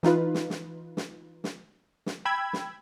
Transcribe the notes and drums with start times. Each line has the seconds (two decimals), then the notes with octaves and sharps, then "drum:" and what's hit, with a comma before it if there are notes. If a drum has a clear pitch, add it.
0.03 E3 D#4 F4 B4, drum: snare
0.34 drum: snare
0.50 drum: snare
0.97 drum: snare
1.44 drum: snare
2.06 drum: snare
2.25 G5 B5 E6 G#6
2.53 drum: snare